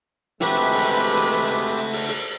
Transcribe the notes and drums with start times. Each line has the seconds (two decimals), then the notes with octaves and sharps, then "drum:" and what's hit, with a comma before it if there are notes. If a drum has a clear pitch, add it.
0.41 C3 G#3 A3 F#4 G4 B4 E5
0.56 drum: hi-hat
0.72 drum: open hi-hat
1.17 drum: hi-hat
1.32 drum: hi-hat
1.48 drum: hi-hat
1.78 drum: hi-hat
1.93 drum: open hi-hat
2.08 drum: open hi-hat